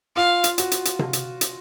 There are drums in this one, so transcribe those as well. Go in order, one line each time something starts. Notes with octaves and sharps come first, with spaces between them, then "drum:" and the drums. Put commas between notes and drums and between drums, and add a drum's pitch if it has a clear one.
F4 F5
drum: hi-hat
F#4, drum: hi-hat
drum: hi-hat
drum: hi-hat
drum: tom C3
drum: hi-hat
drum: hi-hat